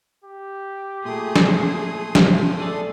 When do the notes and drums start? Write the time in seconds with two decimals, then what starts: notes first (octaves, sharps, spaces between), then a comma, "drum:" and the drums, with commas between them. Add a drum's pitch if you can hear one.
0.24 G4
1.05 A#2 A3 G#4 C6 D#6
1.36 drum: snare
2.15 drum: snare
2.60 G#4 A4 D5